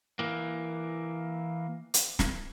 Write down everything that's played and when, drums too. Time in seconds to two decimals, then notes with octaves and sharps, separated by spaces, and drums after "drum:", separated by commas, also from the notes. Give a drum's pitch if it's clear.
0.19 E3 A#3
1.94 drum: hi-hat
2.19 drum: snare